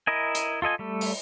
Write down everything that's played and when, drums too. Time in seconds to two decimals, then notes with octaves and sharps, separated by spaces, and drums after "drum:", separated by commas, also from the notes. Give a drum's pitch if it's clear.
0.07 E4 A#4 D#5 G#5
0.35 drum: hi-hat
0.62 F4 A4 D#5 G#5
0.79 G3 A3 A4
1.01 drum: open hi-hat